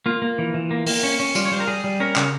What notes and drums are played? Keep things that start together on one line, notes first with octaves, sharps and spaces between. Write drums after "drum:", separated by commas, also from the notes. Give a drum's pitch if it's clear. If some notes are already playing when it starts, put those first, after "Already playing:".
A#3 F4
A#3
E3
E3
A#3
A#3, drum: open hi-hat
C#4
C#4
G3 F4, drum: tambourine
C#5
G3 C5
A#4
G3 G#4
G3
C#4 A#4
C#3, drum: clap